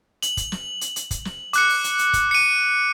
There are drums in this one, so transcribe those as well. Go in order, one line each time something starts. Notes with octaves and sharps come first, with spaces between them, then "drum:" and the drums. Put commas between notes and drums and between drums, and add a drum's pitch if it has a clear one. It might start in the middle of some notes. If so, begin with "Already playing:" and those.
F#7, drum: hi-hat
drum: kick, hi-hat
drum: snare
drum: hi-hat
drum: hi-hat
drum: kick, hi-hat
drum: snare
D6 F#6 C#7, drum: hi-hat
drum: open hi-hat
drum: hi-hat
drum: hi-hat
drum: kick, hi-hat
C#7 D#7